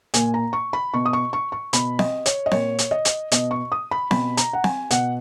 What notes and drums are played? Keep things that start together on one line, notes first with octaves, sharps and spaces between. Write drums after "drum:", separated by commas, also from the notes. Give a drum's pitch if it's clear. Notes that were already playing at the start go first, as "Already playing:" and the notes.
A#2 G#5, drum: hi-hat
A#5
C#6
B5
B2 C#6
D#6
C#6
C#6
C#6
B2 B5, drum: hi-hat
D#5, drum: snare C4
C#5, drum: hi-hat
D#5
A#2 C#5, drum: snare C4
drum: hi-hat
D#5
drum: hi-hat
B2 D#5, drum: hi-hat
C#6
D#6
B5
B2 B5, drum: snare C4
A#5, drum: hi-hat
F#5
G#5, drum: snare C4
B2 F#5, drum: hi-hat